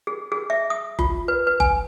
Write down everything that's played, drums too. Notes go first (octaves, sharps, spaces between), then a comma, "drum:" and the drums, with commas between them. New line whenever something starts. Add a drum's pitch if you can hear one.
G#4
G#4
E5
D#6
F4, drum: kick F#1
B4
B4
G#5, drum: kick F#1